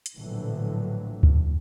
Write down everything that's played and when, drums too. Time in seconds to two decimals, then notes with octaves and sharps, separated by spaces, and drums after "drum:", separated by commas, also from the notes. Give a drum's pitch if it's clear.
0.06 drum: hi-hat
0.17 A#1 A2 D3 E3 F#3
1.23 drum: kick